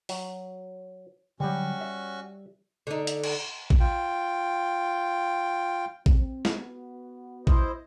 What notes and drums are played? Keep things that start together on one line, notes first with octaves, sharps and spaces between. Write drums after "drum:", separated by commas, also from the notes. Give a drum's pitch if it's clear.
F#3, drum: open hi-hat
D3 F#3 G3 C#4 F#4 G4 C#6
E5
D3 D#4
drum: hi-hat
drum: cymbal
drum: kick A1
F4 G5
C4, drum: kick A1
drum: snare
B3 F#4
E4 C5 D#5, drum: kick A1